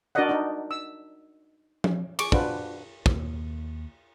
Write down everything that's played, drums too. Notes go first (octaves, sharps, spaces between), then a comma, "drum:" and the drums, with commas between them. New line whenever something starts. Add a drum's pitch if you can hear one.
D4 F#4 A#4 D5 D#5 F#5
D4 D#4
E6
drum: tom F3
G#4 C#6 D6, drum: cymbal
D4 F4 F#4 B4 C5, drum: kick
D#2, drum: kick